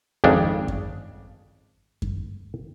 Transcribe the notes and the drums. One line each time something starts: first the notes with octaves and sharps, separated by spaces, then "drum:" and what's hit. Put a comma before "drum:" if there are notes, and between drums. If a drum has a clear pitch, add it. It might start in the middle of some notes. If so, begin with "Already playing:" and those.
G#1 F2 C#3 D4
drum: kick F#2
drum: kick F#2